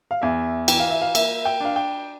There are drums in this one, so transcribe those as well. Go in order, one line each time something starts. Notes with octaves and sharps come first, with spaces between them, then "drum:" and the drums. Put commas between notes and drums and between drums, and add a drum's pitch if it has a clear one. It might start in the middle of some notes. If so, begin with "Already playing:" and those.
F5
E2 E5
E3 G5, drum: cymbal
F5
E5
F5
A#3 E5, drum: cymbal
G5
D4 F5
G5